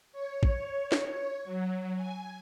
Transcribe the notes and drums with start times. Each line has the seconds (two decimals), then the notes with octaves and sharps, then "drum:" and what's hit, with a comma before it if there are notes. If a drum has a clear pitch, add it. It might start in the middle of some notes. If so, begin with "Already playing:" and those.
0.12 C#5
0.43 drum: kick
0.92 drum: snare
1.45 F#3
1.96 G#5